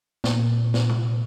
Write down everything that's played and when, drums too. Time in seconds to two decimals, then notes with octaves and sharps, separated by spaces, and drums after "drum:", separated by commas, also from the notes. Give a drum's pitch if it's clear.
0.24 A#2, drum: snare
0.74 drum: snare
0.89 drum: tom C3